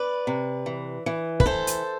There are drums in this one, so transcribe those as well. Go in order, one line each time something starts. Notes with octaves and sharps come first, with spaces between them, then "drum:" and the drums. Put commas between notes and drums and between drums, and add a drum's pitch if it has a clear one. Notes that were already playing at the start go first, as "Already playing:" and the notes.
Already playing: B4 D5
C3
E3
E3
B4, drum: kick
E3 A4 C5
drum: hi-hat